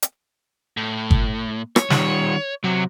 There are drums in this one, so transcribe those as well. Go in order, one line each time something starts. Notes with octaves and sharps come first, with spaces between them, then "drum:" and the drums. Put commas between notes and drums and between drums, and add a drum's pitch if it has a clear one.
drum: hi-hat
A2
drum: kick G1
C#5, drum: rim click
D#3 G3, drum: snare
C3 F#3